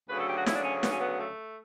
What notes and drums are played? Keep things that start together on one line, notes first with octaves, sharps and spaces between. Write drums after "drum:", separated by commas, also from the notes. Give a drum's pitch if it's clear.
D2 C#3 F#3 B4
A4
G4
F#4
E4, drum: snare
D4
C#4
B3, drum: snare
C#4
B3
A3